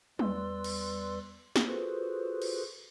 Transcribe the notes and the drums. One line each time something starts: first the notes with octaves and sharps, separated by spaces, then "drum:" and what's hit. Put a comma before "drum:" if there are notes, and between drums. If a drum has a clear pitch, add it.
E2 G3 B4 D5 C6 E6, drum: tom F#3
drum: cymbal
drum: snare
F4 F#4 G#4 A4 B4 C5
drum: cymbal